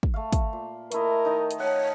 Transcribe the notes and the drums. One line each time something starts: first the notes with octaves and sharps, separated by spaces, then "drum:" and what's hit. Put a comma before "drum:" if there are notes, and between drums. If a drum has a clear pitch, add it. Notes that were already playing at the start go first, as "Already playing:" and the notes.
drum: kick
A3 F5
drum: kick, hi-hat
A#2
A3 E4 A#4 D#5, drum: hi-hat
D#3 D#4
drum: hi-hat
C#5 F#5 A5